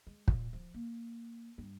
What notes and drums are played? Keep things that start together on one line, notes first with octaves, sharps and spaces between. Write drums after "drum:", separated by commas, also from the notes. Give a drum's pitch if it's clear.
G#3
A#2, drum: kick
F3
A#3
G2